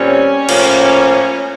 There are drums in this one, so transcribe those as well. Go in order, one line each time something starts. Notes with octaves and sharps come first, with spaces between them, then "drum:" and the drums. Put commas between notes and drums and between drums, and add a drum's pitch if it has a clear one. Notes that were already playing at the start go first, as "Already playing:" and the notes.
Already playing: A#2 G3 C4 C#4
A2 F3 A#3, drum: cymbal